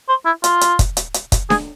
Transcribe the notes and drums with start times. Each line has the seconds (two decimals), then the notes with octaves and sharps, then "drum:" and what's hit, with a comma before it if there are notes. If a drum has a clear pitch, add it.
0.09 C5
0.26 E4
0.44 F4, drum: hi-hat
0.61 drum: hi-hat
0.79 drum: kick, hi-hat
0.97 drum: hi-hat
1.14 drum: hi-hat
1.32 drum: kick, hi-hat
1.50 G#4, drum: snare D4